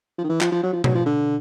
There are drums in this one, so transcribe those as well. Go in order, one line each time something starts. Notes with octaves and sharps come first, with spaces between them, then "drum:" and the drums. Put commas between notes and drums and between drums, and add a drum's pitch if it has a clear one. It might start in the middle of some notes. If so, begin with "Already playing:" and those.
F3
D#3
E3
F3, drum: clap
F3
F#3
F3
F#3, drum: tom B2
F3
D3